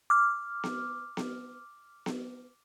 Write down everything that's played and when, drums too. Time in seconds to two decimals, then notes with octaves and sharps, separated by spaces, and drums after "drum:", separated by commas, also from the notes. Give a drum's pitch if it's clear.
0.10 D6 F6
0.64 drum: snare B3
1.17 drum: snare B3
2.06 drum: snare B3